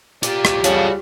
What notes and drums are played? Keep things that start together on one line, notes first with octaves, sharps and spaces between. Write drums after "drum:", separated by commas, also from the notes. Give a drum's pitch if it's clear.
F4 G4 D5, drum: hi-hat
drum: rim click
C#3 G3 F4 F#4 A4, drum: hi-hat